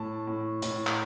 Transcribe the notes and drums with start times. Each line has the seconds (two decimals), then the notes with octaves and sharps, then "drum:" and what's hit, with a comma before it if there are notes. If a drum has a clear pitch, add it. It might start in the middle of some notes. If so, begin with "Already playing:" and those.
Already playing: A2 A5
0.27 A2
0.62 A2, drum: hi-hat
0.87 drum: clap